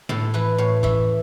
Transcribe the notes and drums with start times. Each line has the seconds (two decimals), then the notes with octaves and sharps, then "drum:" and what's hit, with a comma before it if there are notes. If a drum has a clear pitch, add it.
0.09 A2 A4, drum: snare
0.34 E3 B4, drum: tambourine
0.58 A2 C#5
0.83 E3 E5, drum: kick, tambourine